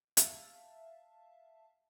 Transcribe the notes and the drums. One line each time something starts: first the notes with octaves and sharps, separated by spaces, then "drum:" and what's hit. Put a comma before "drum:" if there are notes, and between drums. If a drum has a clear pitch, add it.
E5 F5 A5, drum: hi-hat